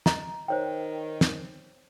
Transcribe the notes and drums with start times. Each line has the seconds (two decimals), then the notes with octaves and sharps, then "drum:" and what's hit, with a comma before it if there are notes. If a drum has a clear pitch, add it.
0.06 D#5 A#5, drum: snare
0.48 D#3 C5 C#5 G5
1.21 drum: snare